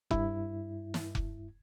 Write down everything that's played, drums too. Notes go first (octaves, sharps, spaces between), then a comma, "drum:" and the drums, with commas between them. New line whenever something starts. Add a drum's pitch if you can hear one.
G2 E4, drum: kick F1
drum: snare
drum: kick F1